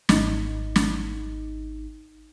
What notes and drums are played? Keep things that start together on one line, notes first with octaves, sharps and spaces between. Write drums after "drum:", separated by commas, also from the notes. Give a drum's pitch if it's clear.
G#1 D#4, drum: snare
drum: snare